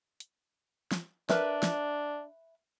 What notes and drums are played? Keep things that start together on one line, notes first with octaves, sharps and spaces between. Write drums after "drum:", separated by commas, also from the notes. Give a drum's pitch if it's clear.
drum: hi-hat
drum: snare
D4 A#4 B4 E5, drum: snare
drum: snare